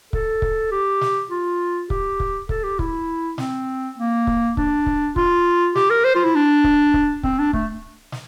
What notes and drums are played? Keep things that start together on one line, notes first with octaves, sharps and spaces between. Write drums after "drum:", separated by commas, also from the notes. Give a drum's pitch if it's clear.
A4, drum: kick C#1
drum: kick C#1
G4
drum: snare
F4
G4, drum: kick C#1
drum: kick C#1
A4, drum: kick C#1
G4
E4, drum: kick C#1
C4, drum: snare
A#3
drum: kick C#1
D4, drum: kick C#1
drum: kick C#1
F4, drum: kick C#1
G4, drum: snare
A#4
C5
F4
E4
D4
drum: kick C#1
drum: kick C#1
C4, drum: kick C#1
D4
A3, drum: kick C#1
drum: snare